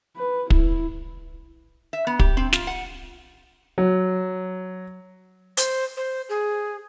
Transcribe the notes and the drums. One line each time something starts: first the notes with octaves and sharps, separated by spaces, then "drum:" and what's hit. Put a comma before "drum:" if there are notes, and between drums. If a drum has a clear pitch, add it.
B4
E4, drum: kick
E5
B3
G4, drum: kick
C4
F4, drum: snare
F#5
F#3
C5, drum: hi-hat
C5
G#4